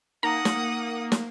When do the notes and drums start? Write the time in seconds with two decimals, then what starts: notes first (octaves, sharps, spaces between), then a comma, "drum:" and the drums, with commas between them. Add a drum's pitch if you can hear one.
0.23 A#3 D#4 F#5 A#5 D#6 A#6
0.45 drum: snare
1.12 drum: snare